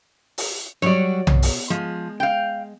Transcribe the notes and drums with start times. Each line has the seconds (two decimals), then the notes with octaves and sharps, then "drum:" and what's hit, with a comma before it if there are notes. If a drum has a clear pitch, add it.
0.38 drum: open hi-hat
0.82 F#3 G3 F#4 C#5 D5
1.27 B2, drum: tom B1
1.42 drum: open hi-hat
1.70 F3 G#3
2.20 F5 G5